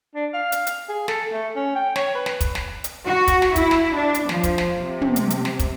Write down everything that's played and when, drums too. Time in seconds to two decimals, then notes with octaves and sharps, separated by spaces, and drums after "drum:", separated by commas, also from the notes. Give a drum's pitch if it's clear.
0.15 D4
0.34 F5
0.52 drum: hi-hat
0.67 drum: hi-hat
0.89 G#4
1.08 A4, drum: snare
1.32 A3
1.56 C#4
1.76 G5
1.96 C#5, drum: snare
2.15 B4
2.26 drum: snare
2.41 drum: kick, hi-hat
2.55 drum: snare
2.84 drum: hi-hat
3.05 F#4
3.28 drum: kick, hi-hat
3.42 drum: snare
3.56 E4, drum: kick, hi-hat
3.71 drum: snare
3.95 D4
4.14 drum: hi-hat
4.29 F3, drum: snare
4.43 drum: kick, hi-hat
4.58 drum: snare
4.81 C3
5.01 drum: tom
5.16 drum: hi-hat
5.30 drum: hi-hat
5.45 drum: snare
5.59 drum: kick, hi-hat